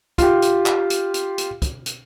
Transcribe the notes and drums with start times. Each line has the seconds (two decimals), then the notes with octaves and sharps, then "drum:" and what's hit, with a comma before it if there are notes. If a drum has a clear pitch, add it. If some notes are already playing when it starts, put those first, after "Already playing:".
0.18 F4 G4, drum: kick, hi-hat
0.42 drum: hi-hat
0.66 drum: clap
0.90 drum: hi-hat
1.14 drum: hi-hat
1.38 drum: hi-hat
1.62 drum: kick, hi-hat
1.86 drum: hi-hat